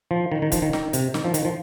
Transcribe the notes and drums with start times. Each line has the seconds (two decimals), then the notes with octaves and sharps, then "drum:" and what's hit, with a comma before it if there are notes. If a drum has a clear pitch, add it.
0.11 F3
0.32 D#3
0.42 D#3
0.52 F3, drum: kick, hi-hat
0.62 D#3
0.73 D#3, drum: snare
0.93 C3, drum: hi-hat
1.14 D#3, drum: snare
1.25 F3
1.34 D#3, drum: hi-hat
1.45 F3